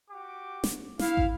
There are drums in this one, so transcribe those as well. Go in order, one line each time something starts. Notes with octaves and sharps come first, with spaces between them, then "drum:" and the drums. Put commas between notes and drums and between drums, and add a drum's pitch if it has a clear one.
F#4 G4 D6
drum: snare
E4 F5, drum: snare
drum: kick